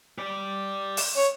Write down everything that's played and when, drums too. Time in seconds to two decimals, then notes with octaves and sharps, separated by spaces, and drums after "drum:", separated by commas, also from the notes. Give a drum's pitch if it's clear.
0.18 G4 D5
0.97 drum: open hi-hat
1.16 C#5